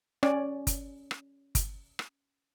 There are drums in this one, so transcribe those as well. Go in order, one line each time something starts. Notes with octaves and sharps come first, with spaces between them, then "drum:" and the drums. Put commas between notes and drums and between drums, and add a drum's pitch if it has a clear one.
C#4 D5, drum: rim click
drum: kick G1, hi-hat
drum: rim click
drum: kick G1, hi-hat
drum: rim click